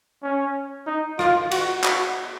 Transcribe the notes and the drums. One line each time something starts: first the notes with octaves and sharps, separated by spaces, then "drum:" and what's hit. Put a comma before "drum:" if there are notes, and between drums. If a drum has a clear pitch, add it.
C#4
D#4
F4, drum: rim click
F#4, drum: cymbal
F#4, drum: clap